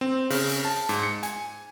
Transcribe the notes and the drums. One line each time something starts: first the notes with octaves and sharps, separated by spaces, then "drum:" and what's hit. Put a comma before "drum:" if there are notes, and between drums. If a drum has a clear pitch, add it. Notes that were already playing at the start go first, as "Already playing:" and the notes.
C4
C#3, drum: open hi-hat
drum: hi-hat
A5
G#2, drum: hi-hat
C#7
G#5, drum: hi-hat